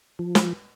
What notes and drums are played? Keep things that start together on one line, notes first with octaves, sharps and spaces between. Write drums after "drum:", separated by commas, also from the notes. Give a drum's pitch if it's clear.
F3
drum: snare